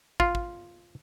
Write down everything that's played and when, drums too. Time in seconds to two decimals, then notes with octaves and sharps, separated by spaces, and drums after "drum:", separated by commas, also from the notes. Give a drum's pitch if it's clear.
0.20 F4, drum: kick
0.35 drum: kick